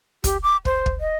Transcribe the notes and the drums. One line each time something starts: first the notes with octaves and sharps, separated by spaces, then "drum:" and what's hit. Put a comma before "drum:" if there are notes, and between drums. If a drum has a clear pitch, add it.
G4, drum: kick, hi-hat
D6
C5, drum: kick
drum: kick
D#5